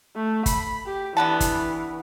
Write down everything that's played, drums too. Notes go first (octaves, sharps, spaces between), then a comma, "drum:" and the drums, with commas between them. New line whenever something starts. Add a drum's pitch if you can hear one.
A3
B5, drum: kick, hi-hat
G4
D3 E3 B3 A5
drum: kick, hi-hat